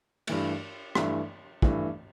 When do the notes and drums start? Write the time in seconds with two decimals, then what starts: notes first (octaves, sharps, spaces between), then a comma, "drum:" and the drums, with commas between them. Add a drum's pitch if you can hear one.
0.27 G2 E3 A3, drum: cymbal
0.95 G2 E3 A3, drum: rim click
1.62 G2 E3 A3, drum: kick